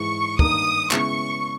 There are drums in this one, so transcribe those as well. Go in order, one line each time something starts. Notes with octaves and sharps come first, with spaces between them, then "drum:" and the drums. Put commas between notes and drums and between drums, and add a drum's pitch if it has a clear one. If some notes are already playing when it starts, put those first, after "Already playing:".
Already playing: G#2 E3 G#3 C#6
G2 D#3 A#3 D#4 D#6, drum: kick
C#3 G#3 B3 E4 C#6, drum: clap